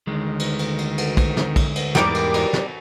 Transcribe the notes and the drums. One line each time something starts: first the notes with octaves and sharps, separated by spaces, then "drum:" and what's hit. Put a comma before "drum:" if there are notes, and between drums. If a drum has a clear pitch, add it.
D2 D#3 G#3
drum: cymbal
drum: cymbal
drum: cymbal
drum: cymbal
drum: kick, cymbal
drum: snare
drum: kick, cymbal
drum: cymbal
E2 G#2 G3 A#4 D5 D6, drum: snare
drum: cymbal
drum: cymbal
drum: snare